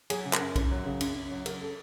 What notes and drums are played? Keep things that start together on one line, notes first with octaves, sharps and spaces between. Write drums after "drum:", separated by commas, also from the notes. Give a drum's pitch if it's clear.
F#3 G#4, drum: cymbal
C#3
A#4, drum: clap
F#2
F#2, drum: kick B1, cymbal
F#3
C#3
F#2, drum: cymbal
F#2
F#3
C#3 A#4, drum: cymbal
A4